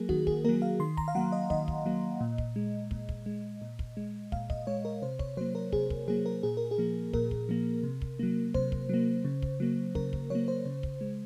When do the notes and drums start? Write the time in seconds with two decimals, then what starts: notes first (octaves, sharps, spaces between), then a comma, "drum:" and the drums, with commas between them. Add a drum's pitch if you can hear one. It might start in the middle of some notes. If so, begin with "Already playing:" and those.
Already playing: F#3 A#3 G#4 A#4
0.09 D#3 F#4, drum: kick
0.27 G#4, drum: kick
0.45 F#3 A#3 A#4
0.62 F5
0.80 D#3 C6
0.97 A#5, drum: kick
1.08 F5
1.15 F#3 A#3 F#5
1.32 D#5
1.50 D#3 D#5, drum: kick
1.68 drum: kick
1.86 F#3 A#3
2.21 A#2
2.38 drum: kick
2.56 G#3
2.91 A#2, drum: kick
3.09 drum: kick
3.26 G#3
3.62 A#2
3.79 drum: kick
3.97 G#3
4.32 A#2 F5, drum: kick
4.50 D#5, drum: kick
4.67 G#3 C#5
4.85 A#4
5.02 C3 C5
5.19 C#5, drum: kick
5.37 F#3 A#3 C5
5.55 A#4
5.72 C3 G#4, drum: kick
5.90 drum: kick
6.08 F#3 A#3 G#4
6.26 A#4
6.43 A#2 G#4
6.57 A#4
6.71 G#4
6.78 F3 A#3
7.13 A#2 A#4, drum: kick
7.31 drum: kick
7.49 F3 A#3
7.83 C3
8.02 drum: kick
8.19 F#3 A#3
8.54 C3 C5, drum: kick
8.72 drum: kick
8.89 F#3 A#3
9.25 C#3
9.42 drum: kick
9.60 F#3 A#3
9.95 C#3 A#4, drum: kick
10.13 drum: kick
10.30 F#3 A#3 C#5
10.48 C5
10.65 C#3
10.83 drum: kick
11.01 G#3